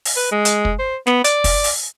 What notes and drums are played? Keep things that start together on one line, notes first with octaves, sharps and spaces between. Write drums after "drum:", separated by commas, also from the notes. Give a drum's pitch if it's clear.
drum: open hi-hat
B4
G#3
drum: hi-hat
drum: kick
C5
B3, drum: snare
D5, drum: hi-hat
drum: kick, open hi-hat
drum: open hi-hat